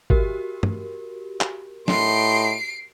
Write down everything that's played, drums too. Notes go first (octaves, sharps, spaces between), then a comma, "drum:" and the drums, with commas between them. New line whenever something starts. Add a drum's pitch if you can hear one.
F#4 G4 A#4, drum: kick
drum: tom
drum: clap
A2 D#4 C6 C7 D7, drum: snare